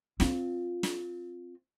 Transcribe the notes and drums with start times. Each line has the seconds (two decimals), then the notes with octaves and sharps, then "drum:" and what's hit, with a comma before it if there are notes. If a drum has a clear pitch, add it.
0.20 C4 F4, drum: snare
0.83 drum: snare